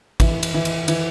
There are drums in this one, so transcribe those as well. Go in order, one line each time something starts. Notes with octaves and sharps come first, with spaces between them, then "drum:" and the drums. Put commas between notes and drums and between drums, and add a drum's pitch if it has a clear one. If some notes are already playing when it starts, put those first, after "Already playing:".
E3, drum: kick, cymbal
drum: cymbal
E3
drum: cymbal
E3, drum: cymbal